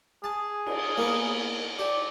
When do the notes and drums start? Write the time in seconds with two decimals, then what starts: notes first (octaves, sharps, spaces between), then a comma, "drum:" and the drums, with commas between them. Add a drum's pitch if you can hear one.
0.24 G#4 A5
0.66 drum: cymbal
0.97 A#3 B3
1.79 G4 D5